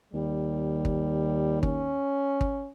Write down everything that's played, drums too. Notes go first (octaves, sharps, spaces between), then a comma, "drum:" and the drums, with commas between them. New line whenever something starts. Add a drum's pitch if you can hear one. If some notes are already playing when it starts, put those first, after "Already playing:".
D#2 G3
drum: kick
C#4, drum: kick
drum: kick